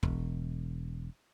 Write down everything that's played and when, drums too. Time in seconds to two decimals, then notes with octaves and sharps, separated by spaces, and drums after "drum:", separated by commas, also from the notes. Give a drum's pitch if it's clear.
0.03 E1, drum: kick